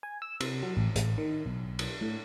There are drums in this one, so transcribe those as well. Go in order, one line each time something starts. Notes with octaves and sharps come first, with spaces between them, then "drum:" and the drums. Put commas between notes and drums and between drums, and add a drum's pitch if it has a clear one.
G#5
E6
C3, drum: cymbal
F#3
A1
A1, drum: hi-hat
D#3
B1
drum: cymbal
A2